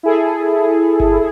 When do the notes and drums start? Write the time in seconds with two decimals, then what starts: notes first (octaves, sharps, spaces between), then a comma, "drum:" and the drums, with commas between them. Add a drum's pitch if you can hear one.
0.03 E4 G#4 A4
1.00 drum: kick G1